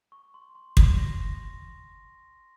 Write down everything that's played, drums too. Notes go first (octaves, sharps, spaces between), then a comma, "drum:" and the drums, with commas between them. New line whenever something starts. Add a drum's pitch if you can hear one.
C#6
C6
C6
drum: kick
A#6
A#6